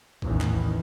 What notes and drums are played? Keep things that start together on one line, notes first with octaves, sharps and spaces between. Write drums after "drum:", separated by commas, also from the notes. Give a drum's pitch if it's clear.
A1 E2 D#3 E3, drum: kick A#1
drum: clap